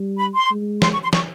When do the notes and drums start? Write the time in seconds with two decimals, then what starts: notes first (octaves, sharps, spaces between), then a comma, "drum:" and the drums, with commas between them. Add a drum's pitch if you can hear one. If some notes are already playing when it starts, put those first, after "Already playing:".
Already playing: G3
0.19 B5
0.35 C6
0.51 G#3
0.82 C6, drum: snare
0.93 C#6
1.03 C6
1.13 C#6, drum: snare